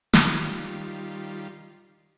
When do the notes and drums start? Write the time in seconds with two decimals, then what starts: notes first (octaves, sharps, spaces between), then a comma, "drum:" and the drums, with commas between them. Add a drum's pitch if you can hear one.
0.13 D#3 G3 F4, drum: snare